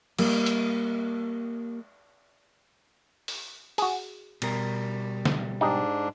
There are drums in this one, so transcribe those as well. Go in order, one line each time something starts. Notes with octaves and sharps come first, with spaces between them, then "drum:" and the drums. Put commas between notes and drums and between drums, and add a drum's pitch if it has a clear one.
G3 A#3, drum: cymbal
drum: hi-hat
drum: open hi-hat
F#4 G#4, drum: open hi-hat
B2 G3 A#4, drum: cymbal
drum: snare
G#2 D4 D#4 G4 G#4